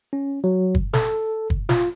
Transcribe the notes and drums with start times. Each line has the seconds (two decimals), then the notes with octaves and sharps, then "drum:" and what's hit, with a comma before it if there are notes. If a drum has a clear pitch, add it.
0.13 C#4
0.44 F#3
0.75 drum: kick
0.93 A4, drum: snare
1.50 drum: kick
1.69 F4, drum: snare